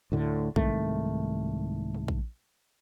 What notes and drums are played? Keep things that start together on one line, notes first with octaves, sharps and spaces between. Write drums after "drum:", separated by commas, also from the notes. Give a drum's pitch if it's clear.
D2 A2 D3
C2 G#2 D#3 A3, drum: kick A#1
drum: tom
drum: kick A#1